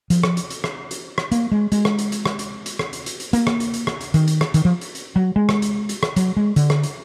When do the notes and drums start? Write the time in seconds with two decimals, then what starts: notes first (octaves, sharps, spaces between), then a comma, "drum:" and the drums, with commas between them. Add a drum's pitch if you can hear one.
0.10 F3, drum: hi-hat
0.23 drum: rim click
0.37 drum: hi-hat
0.50 drum: hi-hat
0.64 drum: rim click
0.91 drum: hi-hat
1.18 drum: rim click
1.32 A#3, drum: hi-hat
1.52 G#3
1.72 G#3, drum: hi-hat
1.85 drum: rim click
1.99 drum: hi-hat
2.12 drum: hi-hat
2.26 drum: rim click
2.39 drum: hi-hat
2.66 drum: hi-hat
2.79 drum: rim click
2.93 drum: hi-hat
3.06 drum: hi-hat
3.20 drum: hi-hat
3.33 A#3, drum: hi-hat
3.47 drum: rim click
3.60 drum: hi-hat
3.74 drum: hi-hat
3.87 drum: rim click
4.01 drum: hi-hat
4.14 D#3, drum: hi-hat
4.28 drum: hi-hat
4.41 drum: rim click
4.54 D#3, drum: hi-hat
4.65 F3
4.81 drum: hi-hat
4.95 drum: hi-hat
5.16 F#3
5.36 G#3
5.49 drum: rim click
5.62 drum: hi-hat
5.89 drum: hi-hat
6.03 drum: rim click
6.16 F#3, drum: hi-hat
6.37 G#3
6.56 D3, drum: hi-hat
6.70 drum: rim click
6.83 drum: hi-hat